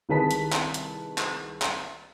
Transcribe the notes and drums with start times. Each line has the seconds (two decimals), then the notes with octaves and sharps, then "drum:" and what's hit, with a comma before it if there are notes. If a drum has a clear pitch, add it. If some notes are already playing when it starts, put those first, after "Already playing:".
0.09 C2 D#3 G#4 B4 A5 B6
0.31 drum: hi-hat
0.52 drum: clap
0.74 drum: hi-hat
1.18 drum: clap
1.62 drum: clap